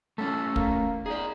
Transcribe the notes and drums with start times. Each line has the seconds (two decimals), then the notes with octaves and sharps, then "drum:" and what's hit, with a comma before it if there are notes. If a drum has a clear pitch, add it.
0.18 A3 C#4 A4
0.56 A#3, drum: kick
1.06 D#4 G#4 D5